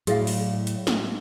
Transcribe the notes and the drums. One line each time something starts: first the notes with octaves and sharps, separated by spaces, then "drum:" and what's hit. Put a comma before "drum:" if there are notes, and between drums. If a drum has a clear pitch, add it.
A2 F#3 E4 G#4 D5 F5, drum: hi-hat
drum: open hi-hat
drum: hi-hat
drum: snare